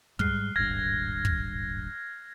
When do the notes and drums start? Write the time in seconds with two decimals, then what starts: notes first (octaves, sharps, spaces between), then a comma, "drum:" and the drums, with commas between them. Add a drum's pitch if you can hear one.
0.19 G#2 G3 G#3 F6 F#6 C7, drum: kick
0.56 D#1 G#1 G2 F6 G#6 A#6
1.25 drum: kick